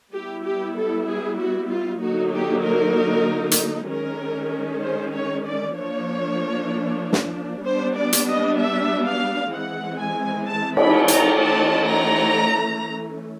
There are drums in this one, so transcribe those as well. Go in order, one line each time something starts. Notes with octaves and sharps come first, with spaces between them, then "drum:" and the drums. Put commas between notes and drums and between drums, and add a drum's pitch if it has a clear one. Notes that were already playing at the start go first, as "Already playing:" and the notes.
G3 B3 E4 G4
G4
A4
G#4
F#4
F4
D3 F#3 A#3 D#4 F#4
G4
A#4
drum: hi-hat
D#3 G#3 C#4 A#4
C5
C#5
D5
F3 A#3 D4 C#5
drum: snare
G3 B3 D4 C5
D5
drum: hi-hat
D#5
E5
F5
E3 G#3 C4 F#5
G#5
A5
B5, drum: cymbal
A#5, drum: hi-hat
E3 A3 C#4 A5
A#5